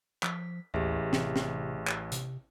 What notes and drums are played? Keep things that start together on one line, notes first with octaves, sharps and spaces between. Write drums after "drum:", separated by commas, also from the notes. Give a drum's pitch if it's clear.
F3 B6, drum: clap
A1 D#2 G4 G#4 E5
C3, drum: snare
drum: snare
drum: clap
C3, drum: hi-hat